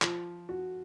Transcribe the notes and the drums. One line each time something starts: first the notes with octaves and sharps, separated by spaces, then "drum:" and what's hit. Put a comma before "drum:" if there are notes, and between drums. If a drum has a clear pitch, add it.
F3, drum: clap
F#4